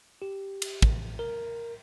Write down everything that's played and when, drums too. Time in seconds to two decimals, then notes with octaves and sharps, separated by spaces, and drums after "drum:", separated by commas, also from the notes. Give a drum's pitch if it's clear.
0.22 G4
0.62 drum: cymbal
0.82 A1, drum: kick
1.19 A#4